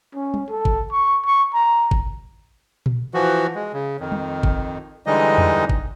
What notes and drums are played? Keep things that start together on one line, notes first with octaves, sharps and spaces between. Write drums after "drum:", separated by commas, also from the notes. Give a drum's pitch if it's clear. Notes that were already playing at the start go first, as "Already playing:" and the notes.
C#4
drum: tom
A4
drum: kick G1
C#6
C#6
A#5
drum: kick G1
drum: tom A#2
E3 F3 F#4
G#3
C#3
F2 D#3
drum: tom
drum: kick G1
D3 E3 G3 G#3 D#4 D#5
drum: tom E2
drum: kick G1